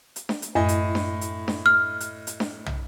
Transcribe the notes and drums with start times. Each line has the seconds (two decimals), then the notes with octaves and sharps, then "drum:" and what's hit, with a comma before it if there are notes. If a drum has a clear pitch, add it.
0.16 drum: hi-hat
0.29 drum: snare D4
0.42 drum: hi-hat
0.55 F#2 A2 D#5
0.69 drum: hi-hat
0.95 drum: snare D4
1.21 drum: hi-hat
1.48 drum: snare D4
1.66 F6
2.00 drum: hi-hat
2.27 drum: hi-hat
2.40 drum: snare D4
2.66 drum: tom